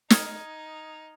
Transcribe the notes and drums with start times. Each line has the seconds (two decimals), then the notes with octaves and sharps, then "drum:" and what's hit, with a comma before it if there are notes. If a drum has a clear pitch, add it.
0.10 D#4 D#6 F6 G#6, drum: snare